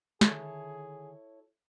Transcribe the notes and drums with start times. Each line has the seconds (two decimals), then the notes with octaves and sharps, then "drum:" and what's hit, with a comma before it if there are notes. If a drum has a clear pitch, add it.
0.21 D3 D#3 E4 G#4 A4 C#5, drum: snare